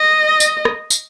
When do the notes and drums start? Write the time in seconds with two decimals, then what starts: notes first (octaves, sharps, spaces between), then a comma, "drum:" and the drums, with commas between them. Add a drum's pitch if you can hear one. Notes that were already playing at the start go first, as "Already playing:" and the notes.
Already playing: D#5
0.40 drum: tambourine
0.65 drum: rim click
0.90 drum: tambourine